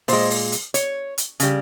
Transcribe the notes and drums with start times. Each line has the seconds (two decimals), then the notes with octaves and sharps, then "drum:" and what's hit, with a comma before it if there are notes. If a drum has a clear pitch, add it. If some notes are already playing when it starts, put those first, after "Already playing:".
0.08 A#2 G#3 C5, drum: open hi-hat
0.30 drum: open hi-hat
0.52 drum: hi-hat
0.74 C#5, drum: hi-hat
1.18 drum: hi-hat
1.40 C#3 G3, drum: hi-hat